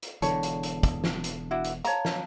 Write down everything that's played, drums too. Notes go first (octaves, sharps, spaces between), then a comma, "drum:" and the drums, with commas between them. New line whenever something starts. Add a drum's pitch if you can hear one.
drum: hi-hat
E1 E2 D3 C#5 A5, drum: hi-hat
drum: hi-hat
drum: hi-hat
drum: kick, hi-hat
drum: snare
drum: hi-hat
D4 E4 F#4
drum: hi-hat
C#5 F5 A5 A#5, drum: hi-hat
drum: snare